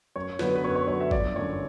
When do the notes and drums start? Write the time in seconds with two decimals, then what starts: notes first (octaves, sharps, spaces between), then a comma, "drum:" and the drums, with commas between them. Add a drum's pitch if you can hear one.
0.16 F#2 C#5
0.39 D3 F#3 B3 B4, drum: snare
0.55 B4
0.64 F#2 C#5
0.75 C#5
0.87 D3 F#3 B3 C#5
1.00 E5
1.11 G1 D5, drum: kick
1.36 F#2 D3 A3 C#5